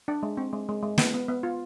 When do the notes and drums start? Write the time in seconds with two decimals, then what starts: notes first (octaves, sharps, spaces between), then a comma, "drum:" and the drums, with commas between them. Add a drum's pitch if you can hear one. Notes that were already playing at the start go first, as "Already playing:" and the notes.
0.08 D4
0.23 G#3
0.37 C4
0.53 G#3
0.69 G#3
0.83 G#3
0.98 B3, drum: snare
1.14 B3
1.29 B3
1.43 F4